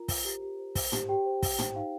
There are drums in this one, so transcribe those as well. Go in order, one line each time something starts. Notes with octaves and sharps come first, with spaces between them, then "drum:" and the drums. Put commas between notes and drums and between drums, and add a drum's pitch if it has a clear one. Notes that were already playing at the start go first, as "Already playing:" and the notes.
Already playing: F4 A#4 A#5
C5, drum: kick, open hi-hat
G4
G4
C5
C5, drum: kick, open hi-hat
G4, drum: tom
G4 G5
C5
G4, drum: kick, open hi-hat
C5, drum: tom
D#4 F5